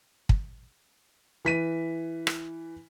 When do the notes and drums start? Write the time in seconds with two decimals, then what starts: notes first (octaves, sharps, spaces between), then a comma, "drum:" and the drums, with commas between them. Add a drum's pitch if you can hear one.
0.29 drum: kick
1.45 E3 B6 D#7
2.27 drum: rim click